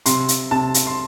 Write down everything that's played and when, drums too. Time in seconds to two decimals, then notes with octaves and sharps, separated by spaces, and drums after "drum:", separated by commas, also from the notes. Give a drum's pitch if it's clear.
0.06 C3 C6, drum: hi-hat
0.28 drum: hi-hat
0.51 C3 A5
0.74 drum: hi-hat
0.87 C6